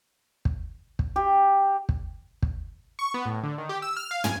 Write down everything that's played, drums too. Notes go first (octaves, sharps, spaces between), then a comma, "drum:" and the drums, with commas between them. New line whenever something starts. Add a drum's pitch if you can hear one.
drum: kick
drum: kick
G4
drum: kick
drum: kick
C#6
B3
A2
D3
D#3
G4
E6
F6
F5
G#5, drum: tom